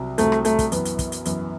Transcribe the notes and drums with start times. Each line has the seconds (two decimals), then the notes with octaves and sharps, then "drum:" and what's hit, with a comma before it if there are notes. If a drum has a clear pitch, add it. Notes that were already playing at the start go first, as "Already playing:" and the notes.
Already playing: C2 C3 F#3
0.18 C2 C3 F#3 A3, drum: hi-hat
0.32 drum: rim click
0.45 A3, drum: hi-hat
0.59 drum: kick, hi-hat
0.72 F#2 E3 B3, drum: hi-hat
0.85 drum: hi-hat
0.99 drum: kick, hi-hat
1.12 drum: hi-hat
1.25 F#2 E3 B3, drum: hi-hat